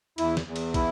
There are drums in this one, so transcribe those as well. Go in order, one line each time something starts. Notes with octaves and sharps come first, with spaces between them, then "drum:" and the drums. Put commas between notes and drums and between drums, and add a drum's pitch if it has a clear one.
E2 E4, drum: cymbal
drum: snare
E2
drum: cymbal
E4, drum: kick, cymbal